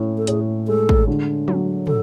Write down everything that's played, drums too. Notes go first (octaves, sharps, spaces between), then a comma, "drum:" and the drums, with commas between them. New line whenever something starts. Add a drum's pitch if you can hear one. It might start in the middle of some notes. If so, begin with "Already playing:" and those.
Already playing: A2 C#4
A4
A2 G#4, drum: hi-hat
G#3 A4
drum: kick
D3
F#3, drum: tom
A4, drum: tom